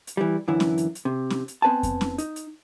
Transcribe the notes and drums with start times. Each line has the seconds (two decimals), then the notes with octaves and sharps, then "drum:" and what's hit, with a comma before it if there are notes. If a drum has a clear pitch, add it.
0.07 drum: hi-hat
0.17 E3 G3
0.48 F#2 D3 E3 E4
0.60 drum: snare
0.78 drum: hi-hat
0.95 drum: hi-hat
1.05 C3
1.30 drum: snare
1.48 drum: hi-hat
1.62 B3 C4 B4 G#5 A5
1.83 drum: kick F2, hi-hat
2.01 drum: snare
2.18 D#4, drum: hi-hat
2.36 drum: hi-hat